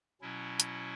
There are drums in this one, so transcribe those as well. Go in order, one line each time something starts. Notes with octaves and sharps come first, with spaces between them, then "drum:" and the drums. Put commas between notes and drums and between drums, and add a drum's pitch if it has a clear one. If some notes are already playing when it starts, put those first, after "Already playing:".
B2 F#3 C#4 E4
drum: hi-hat